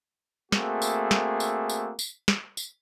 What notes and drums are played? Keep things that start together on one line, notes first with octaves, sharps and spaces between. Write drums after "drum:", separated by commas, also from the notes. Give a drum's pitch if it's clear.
A3 A#3 C4 F#4 G#4, drum: snare
drum: tambourine
drum: snare
drum: tambourine
drum: tambourine
drum: tambourine
drum: snare
drum: tambourine